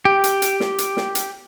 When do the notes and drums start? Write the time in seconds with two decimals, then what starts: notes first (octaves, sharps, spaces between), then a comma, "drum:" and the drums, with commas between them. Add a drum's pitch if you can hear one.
0.05 G4
0.24 drum: hi-hat
0.42 drum: hi-hat
0.60 drum: snare
0.78 drum: hi-hat
0.97 drum: snare
1.15 drum: hi-hat